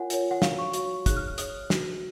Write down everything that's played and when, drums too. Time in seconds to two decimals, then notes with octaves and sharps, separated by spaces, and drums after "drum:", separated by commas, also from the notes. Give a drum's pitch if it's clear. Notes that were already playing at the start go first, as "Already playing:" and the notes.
Already playing: F4 A#4 C#5 F#5 G#5
0.10 F4 A#4 C#5, drum: hi-hat
0.31 F#5
0.42 F#4 C#5 F5, drum: snare
0.59 C#6
0.73 F#4 C#5 C#6, drum: hi-hat
1.06 D#4 G#4 C#5 F#6, drum: kick, hi-hat
1.17 F6
1.27 F6
1.38 D#4 G#4 C#5 D#6, drum: hi-hat
1.70 F#4 B4, drum: snare